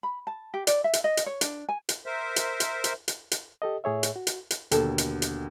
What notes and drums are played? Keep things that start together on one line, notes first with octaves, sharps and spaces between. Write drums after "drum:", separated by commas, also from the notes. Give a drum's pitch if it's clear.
B5
A5
G4
D5, drum: hi-hat
E5
drum: hi-hat
D#5
drum: hi-hat
C#5
D4, drum: hi-hat
G#5
drum: hi-hat
A#4 C5 E5
drum: hi-hat
drum: hi-hat
drum: hi-hat
drum: hi-hat
drum: hi-hat
G4 A4 D#5
A2 G#4 C#5 E5
drum: hi-hat
F#4
drum: hi-hat
drum: hi-hat
D#2 B2 D3 A4, drum: hi-hat
drum: hi-hat
drum: hi-hat